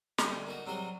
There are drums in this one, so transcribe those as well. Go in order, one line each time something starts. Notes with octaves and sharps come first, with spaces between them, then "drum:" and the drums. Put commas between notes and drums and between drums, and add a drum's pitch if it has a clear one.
D2 G3 G#4, drum: snare
A#3 D#4 F#4
C3 F#3 G3 F#4 G#4